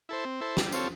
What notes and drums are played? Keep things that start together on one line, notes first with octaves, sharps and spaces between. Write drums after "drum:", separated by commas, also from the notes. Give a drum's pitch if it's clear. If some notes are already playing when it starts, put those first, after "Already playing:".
E4 A4 C5
C4
E4 A4 C5
G3, drum: snare
C4 F4 A4 C#5, drum: tambourine